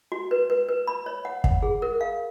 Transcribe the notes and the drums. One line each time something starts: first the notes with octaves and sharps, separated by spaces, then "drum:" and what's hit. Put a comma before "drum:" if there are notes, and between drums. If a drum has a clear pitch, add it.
F#4
B4
B4
B4
B5
C#5
F#5
F#5, drum: kick
G#4
A#4
F5